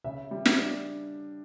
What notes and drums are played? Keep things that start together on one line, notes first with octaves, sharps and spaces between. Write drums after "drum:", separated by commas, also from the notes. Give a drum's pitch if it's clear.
C#3 E5
G3
drum: snare
D4